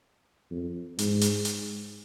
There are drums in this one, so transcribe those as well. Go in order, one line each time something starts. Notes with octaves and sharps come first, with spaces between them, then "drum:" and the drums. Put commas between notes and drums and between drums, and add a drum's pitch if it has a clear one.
F2
G#2, drum: hi-hat
drum: hi-hat
drum: hi-hat